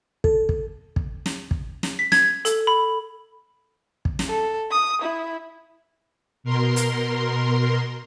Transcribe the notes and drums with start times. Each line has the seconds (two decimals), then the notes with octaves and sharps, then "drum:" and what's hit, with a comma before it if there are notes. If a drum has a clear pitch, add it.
0.24 A4, drum: kick
0.49 drum: kick
0.96 drum: kick
1.26 drum: snare
1.51 drum: kick
1.83 drum: snare
1.99 B6
2.12 G#6, drum: snare
2.45 A4, drum: hi-hat
2.67 B5
4.05 drum: kick
4.19 drum: snare
4.29 A4
4.71 D#6
5.02 E4
6.44 B2 A#4 C6
6.76 drum: hi-hat